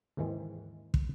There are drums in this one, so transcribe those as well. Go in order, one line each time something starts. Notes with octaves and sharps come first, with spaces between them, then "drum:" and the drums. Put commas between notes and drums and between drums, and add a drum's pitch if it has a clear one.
D#2 G#2 D#3 E3 G#3 C4
drum: kick